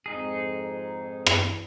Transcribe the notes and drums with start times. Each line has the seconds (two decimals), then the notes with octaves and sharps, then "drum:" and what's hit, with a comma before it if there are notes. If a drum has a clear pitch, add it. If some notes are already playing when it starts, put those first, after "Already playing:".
0.06 F2 G#2 D#4 G#4
1.26 drum: rim click